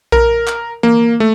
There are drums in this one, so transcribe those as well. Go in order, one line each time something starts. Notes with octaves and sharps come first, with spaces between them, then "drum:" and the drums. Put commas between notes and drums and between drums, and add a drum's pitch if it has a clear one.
A#4, drum: kick A#1
drum: clap
A#3, drum: tom E3
A3